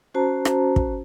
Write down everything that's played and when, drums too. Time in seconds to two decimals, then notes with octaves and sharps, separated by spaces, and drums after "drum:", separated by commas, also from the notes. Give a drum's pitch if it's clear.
0.14 C#4 F#4 C5 A5 A#5
0.45 drum: rim click
0.76 drum: kick